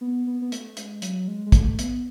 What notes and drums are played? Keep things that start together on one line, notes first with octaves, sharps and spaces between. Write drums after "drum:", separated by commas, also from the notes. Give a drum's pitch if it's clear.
B3
B3
B3
A3, drum: hi-hat
G#3, drum: hi-hat
F#3, drum: hi-hat
G#3
G#3
A3, drum: kick, hi-hat
B3, drum: hi-hat